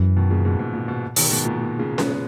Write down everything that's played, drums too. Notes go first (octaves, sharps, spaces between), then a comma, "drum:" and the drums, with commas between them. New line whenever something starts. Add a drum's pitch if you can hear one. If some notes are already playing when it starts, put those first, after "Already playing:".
Already playing: F#2 E3
B2 D#3
A#2 C#3
G#2 B2
G#2
A#2
G#2 B2
B2 D#3, drum: open hi-hat
G#2 B2
A#2
A#2
A#2 C#3
G#3 B3, drum: snare C#4